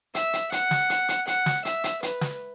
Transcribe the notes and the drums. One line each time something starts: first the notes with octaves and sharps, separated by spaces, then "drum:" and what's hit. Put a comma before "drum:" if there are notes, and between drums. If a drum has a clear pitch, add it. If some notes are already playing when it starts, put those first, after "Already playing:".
E5, drum: hi-hat
drum: hi-hat
F#5, drum: hi-hat
drum: snare
drum: hi-hat
drum: hi-hat
F#5, drum: hi-hat
drum: snare
E5, drum: hi-hat
drum: hi-hat
B4, drum: hi-hat
drum: snare